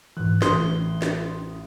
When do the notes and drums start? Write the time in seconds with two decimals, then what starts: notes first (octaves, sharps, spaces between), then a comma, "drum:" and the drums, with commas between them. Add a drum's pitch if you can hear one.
0.17 G#2 E3 F#6
0.42 A1 C6 D#6, drum: snare
1.02 drum: snare